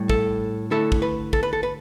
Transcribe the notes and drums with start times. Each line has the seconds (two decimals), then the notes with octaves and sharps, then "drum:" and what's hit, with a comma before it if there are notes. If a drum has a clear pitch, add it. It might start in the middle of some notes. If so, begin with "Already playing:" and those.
Already playing: A2 G3
0.10 A4, drum: kick
0.71 D3 A3 E4 A4
0.92 drum: kick
1.02 B4
1.33 A4, drum: kick
1.43 B4
1.53 A4
1.63 B4